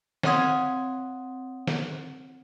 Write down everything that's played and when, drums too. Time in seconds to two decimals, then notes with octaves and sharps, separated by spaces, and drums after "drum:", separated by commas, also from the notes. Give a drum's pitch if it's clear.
0.23 C4 C#5 F#5 C6 D#6 G#6, drum: snare
1.67 drum: snare